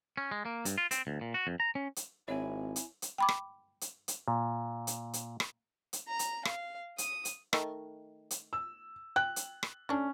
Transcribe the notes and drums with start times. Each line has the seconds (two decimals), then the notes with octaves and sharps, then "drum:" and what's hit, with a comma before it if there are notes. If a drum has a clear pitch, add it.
0.17 C#4
0.31 G#3
0.45 A#3
0.65 G2, drum: hi-hat
0.78 F4
0.91 C4, drum: hi-hat
1.07 D2
1.21 A#2
1.34 F#4
1.47 F2
1.60 A#5
1.75 C#4
1.96 drum: hi-hat
2.28 G#1 C4 E4 C#5 D#5 E5 G#5
2.76 drum: hi-hat
3.02 drum: hi-hat
3.18 G5 B5 D6
3.29 drum: rim click
3.81 drum: hi-hat
4.08 drum: hi-hat
4.28 A#2
4.87 drum: hi-hat
5.13 drum: hi-hat
5.40 drum: rim click
5.93 drum: hi-hat
6.08 A#5
6.19 drum: hi-hat
6.45 F5, drum: rim click
6.98 D#6, drum: hi-hat
7.25 drum: hi-hat
7.53 D#3 A3 D#5, drum: rim click
8.31 drum: hi-hat
8.53 E6
9.16 G5 F#6
9.36 drum: hi-hat
9.63 drum: rim click
9.89 A3 C#4 D4